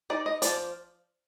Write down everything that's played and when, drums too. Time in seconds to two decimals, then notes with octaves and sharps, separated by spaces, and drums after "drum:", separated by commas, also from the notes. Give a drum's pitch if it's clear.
0.10 D#4 D5
0.26 D#5
0.42 F3 D5, drum: hi-hat